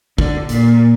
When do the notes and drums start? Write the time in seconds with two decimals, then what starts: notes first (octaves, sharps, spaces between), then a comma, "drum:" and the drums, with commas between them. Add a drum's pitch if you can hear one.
0.18 D3, drum: kick
0.49 A#2, drum: hi-hat